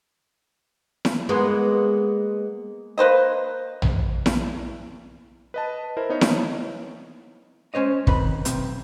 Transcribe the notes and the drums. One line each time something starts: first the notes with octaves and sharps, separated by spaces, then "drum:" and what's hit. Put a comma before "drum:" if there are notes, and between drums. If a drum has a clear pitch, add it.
drum: snare E4
G#3 A#3 B3
A#3 B4 C5 D#5
drum: tom A#1
drum: snare E4
B4 D#5 A5
E4 A#4 C5
B3 D#4 C#5
drum: snare E4
G#3 C#4 C5 C#5 D#5
D#3 C4 B4 B5, drum: kick
B1 C4, drum: hi-hat